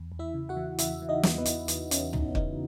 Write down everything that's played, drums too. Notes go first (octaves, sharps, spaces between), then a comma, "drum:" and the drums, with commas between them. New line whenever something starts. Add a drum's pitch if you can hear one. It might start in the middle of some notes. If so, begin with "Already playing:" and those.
Already playing: E2
E2
E4 E5
C#3
F#4 F#5
E3
C#3 E4 E5, drum: hi-hat
E3
D#4 D#5
E2, drum: snare
B3 B4
E2, drum: hi-hat
E2, drum: hi-hat
E2 C#4, drum: hi-hat
E2 D#4, drum: tom
C#3 D#4, drum: kick